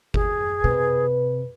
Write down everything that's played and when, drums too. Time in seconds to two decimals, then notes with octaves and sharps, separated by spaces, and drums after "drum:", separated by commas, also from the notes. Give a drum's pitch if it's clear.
0.14 G#4, drum: kick G1
0.64 C3 B4